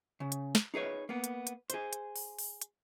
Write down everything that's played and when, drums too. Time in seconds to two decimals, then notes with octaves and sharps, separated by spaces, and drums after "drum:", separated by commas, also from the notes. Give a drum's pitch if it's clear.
0.20 C#3
0.32 drum: hi-hat
0.55 drum: snare
0.74 D#4 G#4 B4 C#5
1.09 A#3 B3
1.24 drum: hi-hat
1.47 drum: hi-hat
1.70 G#4 C5, drum: hi-hat
1.93 drum: hi-hat
2.16 drum: open hi-hat
2.39 drum: open hi-hat
2.62 drum: hi-hat